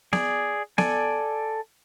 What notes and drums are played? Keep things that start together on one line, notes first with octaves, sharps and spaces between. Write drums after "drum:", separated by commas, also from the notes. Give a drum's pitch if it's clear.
G#4 D5, drum: snare B3
A4 D5 G#5, drum: snare B3